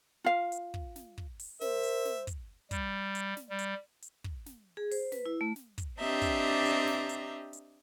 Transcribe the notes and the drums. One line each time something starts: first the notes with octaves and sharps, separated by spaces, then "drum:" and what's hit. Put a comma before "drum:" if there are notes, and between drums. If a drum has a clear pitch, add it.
F4 F5
drum: hi-hat
drum: kick
drum: snare
drum: kick
drum: open hi-hat
A#4 C5 E5, drum: snare
drum: hi-hat
drum: snare
drum: kick, hi-hat
G3, drum: kick, hi-hat
drum: hi-hat
drum: snare
G3
drum: hi-hat
drum: hi-hat
drum: kick
drum: snare
G#4
C5, drum: open hi-hat
B4, drum: snare
E4
A3
drum: snare
drum: kick, hi-hat
C4 D4 G4 D#5 E5 A#5
drum: kick, hi-hat
drum: hi-hat
drum: snare
drum: hi-hat
drum: hi-hat